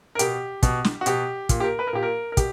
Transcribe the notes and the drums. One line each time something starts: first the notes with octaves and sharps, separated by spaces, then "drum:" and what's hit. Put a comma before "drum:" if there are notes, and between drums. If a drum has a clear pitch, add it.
A#4
B2 G4, drum: hi-hat
B2, drum: kick, hi-hat
drum: snare
F#4
B2 G4, drum: hi-hat
A#2, drum: kick, hi-hat
G4
A#4
B4
A#4
A#2 G4
A#4
A#4
B2 G4, drum: kick, hi-hat